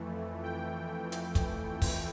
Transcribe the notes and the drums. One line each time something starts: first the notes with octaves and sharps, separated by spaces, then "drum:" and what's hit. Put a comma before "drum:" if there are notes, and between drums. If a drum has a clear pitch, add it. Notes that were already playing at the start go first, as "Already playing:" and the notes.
Already playing: F2 E3 A3
G5
drum: hi-hat
drum: kick, hi-hat
drum: kick, open hi-hat